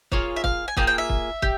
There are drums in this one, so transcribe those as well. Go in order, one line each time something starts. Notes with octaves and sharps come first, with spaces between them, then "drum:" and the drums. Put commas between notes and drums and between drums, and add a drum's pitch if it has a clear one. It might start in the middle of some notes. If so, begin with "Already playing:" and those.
A#3 F4 G#4 C#5, drum: kick
E5
F5, drum: kick
G#5
A#3 F4 G#4 G5, drum: kick
G5
E5
drum: kick
G4, drum: kick